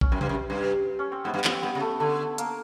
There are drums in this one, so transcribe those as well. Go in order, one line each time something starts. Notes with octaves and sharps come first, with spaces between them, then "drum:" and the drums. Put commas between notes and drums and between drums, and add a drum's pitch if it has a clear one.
C#4, drum: kick
F#2 C4
G2, drum: tom C3
F#2
G2
C#4
C4
G#2 B3
G2
F2, drum: clap
C4
G2 B3
C#3
A3
D3 A3
A#3, drum: hi-hat